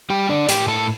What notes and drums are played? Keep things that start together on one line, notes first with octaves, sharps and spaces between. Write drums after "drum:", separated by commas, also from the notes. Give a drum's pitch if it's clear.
G3 G4 G5
D3 D4 D5
A2 G4 G5, drum: hi-hat
A2 A4 A5